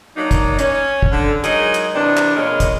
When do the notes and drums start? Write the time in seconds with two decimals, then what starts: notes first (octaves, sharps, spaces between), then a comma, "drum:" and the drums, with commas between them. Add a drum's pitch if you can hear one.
0.17 F#3 A#3 D4 D#4
0.31 drum: kick, hi-hat
0.59 C#4, drum: hi-hat
1.03 drum: kick
1.12 D3
1.44 F#3 G#3 D#4 G#4 A#4 D#5, drum: hi-hat
1.74 drum: hi-hat
1.94 C3 E3 B3 D4
2.17 drum: clap
2.36 A#2 C#3 G#3 A#4 C#5 D#5
2.60 drum: kick, hi-hat